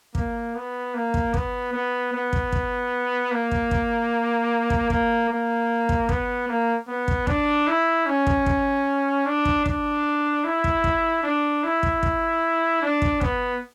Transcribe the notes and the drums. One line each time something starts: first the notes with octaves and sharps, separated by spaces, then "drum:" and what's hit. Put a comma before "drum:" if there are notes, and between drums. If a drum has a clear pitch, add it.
A#3, drum: kick
B3
A#3
drum: kick
B3, drum: kick
B3
B3
drum: kick
drum: kick
A#3
drum: kick
drum: kick
drum: kick
A#3, drum: kick
A#3
drum: kick
B3, drum: kick
A#3
B3
drum: kick
D4, drum: kick
E4
C#4
drum: kick
drum: kick
D4
drum: kick
D4, drum: kick
E4
drum: kick
drum: kick
D4
E4
drum: kick
drum: kick
D4
drum: kick
B3, drum: kick